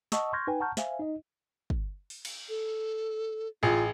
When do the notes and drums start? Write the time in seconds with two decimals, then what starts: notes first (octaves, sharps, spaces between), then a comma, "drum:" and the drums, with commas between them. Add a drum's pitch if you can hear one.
0.12 D#5 F#5 A5 C#6 D#6 E6, drum: snare
0.33 C6 C#6 F6 G6 G#6 A#6
0.47 D#4 B4 G5 G#5
0.60 F#5 A5 A#5 C#6 F6 G6
0.77 C5 E5 F5 G#5, drum: snare
0.99 D#4 D#5
1.70 drum: kick
2.10 drum: open hi-hat
2.25 drum: cymbal
2.49 A4
3.63 A1 F4 G#4